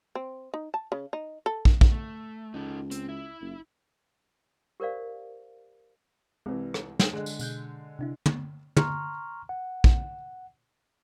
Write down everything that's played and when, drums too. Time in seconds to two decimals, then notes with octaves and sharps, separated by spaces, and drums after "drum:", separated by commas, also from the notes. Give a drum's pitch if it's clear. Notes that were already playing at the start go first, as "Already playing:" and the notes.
0.15 C4
0.54 D#4
0.74 A5
0.92 C#3
1.13 D#4
1.46 A4
1.65 drum: kick
1.81 drum: kick
1.91 A3
2.54 C#2 D#4 A4
2.91 C4, drum: hi-hat
3.09 E4
3.41 F#1
4.80 G4 A#4 C5 D5 F5
6.46 C2 E3 G#3 C4
6.74 drum: rim click
6.99 drum: snare
7.13 D3 G#3 G#4 F#6
7.26 drum: tambourine
7.39 B2 F#6 G6, drum: tambourine
7.99 C3 D4 E4
8.26 drum: tom
8.76 A#5 C6 C#6 F6, drum: tom
9.49 F#5
9.84 drum: kick